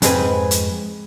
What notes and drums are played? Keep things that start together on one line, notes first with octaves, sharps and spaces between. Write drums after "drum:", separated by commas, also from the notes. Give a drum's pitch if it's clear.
F2 G#2 G#3 C4 G#4 B4, drum: hi-hat
drum: hi-hat